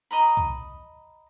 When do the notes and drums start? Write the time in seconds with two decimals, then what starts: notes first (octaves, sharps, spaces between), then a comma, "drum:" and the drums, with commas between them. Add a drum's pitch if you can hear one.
0.11 D#5 A#5 B5
0.37 drum: kick B1